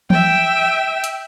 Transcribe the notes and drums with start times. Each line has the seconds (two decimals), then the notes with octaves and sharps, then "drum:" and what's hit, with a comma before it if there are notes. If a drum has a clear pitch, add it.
0.10 E5 G5, drum: tom E3
1.04 drum: hi-hat